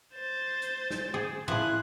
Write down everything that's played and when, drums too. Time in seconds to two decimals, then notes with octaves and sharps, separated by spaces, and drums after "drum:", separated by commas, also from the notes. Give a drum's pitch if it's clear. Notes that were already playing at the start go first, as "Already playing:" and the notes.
0.14 C5 A6
0.62 drum: hi-hat
0.91 drum: snare
1.14 G#4
1.48 F3 E4 G#4 F#6, drum: tom A2